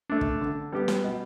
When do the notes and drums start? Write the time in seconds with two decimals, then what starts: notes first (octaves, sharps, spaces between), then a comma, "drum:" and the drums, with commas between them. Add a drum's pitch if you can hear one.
0.10 A3 D4
0.21 drum: kick
0.41 D3
0.72 G3 B3 G4
0.88 drum: snare
1.04 B2